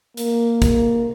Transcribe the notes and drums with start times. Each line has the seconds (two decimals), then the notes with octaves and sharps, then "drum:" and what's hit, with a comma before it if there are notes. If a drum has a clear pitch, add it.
0.17 A#3, drum: hi-hat
0.62 drum: kick, hi-hat